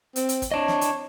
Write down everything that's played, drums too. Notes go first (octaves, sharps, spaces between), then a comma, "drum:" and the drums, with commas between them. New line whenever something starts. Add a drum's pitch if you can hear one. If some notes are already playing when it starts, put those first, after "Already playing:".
C4, drum: hi-hat
drum: hi-hat
drum: kick, hi-hat
C4 D4 C#5 D#5
drum: snare
drum: hi-hat